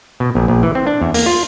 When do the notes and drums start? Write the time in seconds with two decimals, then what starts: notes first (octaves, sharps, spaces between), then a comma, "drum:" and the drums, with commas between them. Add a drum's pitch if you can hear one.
0.20 B2
0.35 A#1
0.48 A#1
0.63 E3
0.75 C4
0.87 D4
1.02 E2
1.14 A#3, drum: open hi-hat
1.26 F4